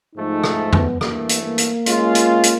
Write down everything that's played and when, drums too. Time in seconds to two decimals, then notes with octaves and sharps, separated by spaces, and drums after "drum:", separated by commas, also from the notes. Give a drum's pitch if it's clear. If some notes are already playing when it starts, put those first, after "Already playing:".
0.15 G#2 F3 A3 D#4
0.44 drum: rim click
0.73 B3, drum: tom F2
1.01 G2 E3 A3 A#3, drum: rim click
1.29 drum: hi-hat
1.43 A#3
1.58 drum: hi-hat
1.86 G#3 C#4 F4, drum: hi-hat
2.15 drum: hi-hat
2.43 drum: hi-hat